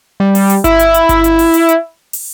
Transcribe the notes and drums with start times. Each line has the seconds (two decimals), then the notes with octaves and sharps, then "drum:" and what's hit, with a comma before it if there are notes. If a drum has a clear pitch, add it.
0.20 G3
0.35 drum: open hi-hat
0.50 drum: hi-hat
0.64 E4, drum: kick G1, hi-hat
0.79 drum: hi-hat
0.94 drum: hi-hat
1.09 drum: kick G1, hi-hat
1.24 drum: hi-hat
1.39 drum: open hi-hat
1.54 drum: hi-hat
1.69 drum: hi-hat
2.13 drum: open hi-hat